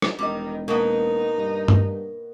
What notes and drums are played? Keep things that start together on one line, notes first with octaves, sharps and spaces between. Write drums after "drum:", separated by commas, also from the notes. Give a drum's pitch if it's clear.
drum: rim click
E1 D#3 G3 D#5
B2 A#3 B3 D#4
G2
drum: tom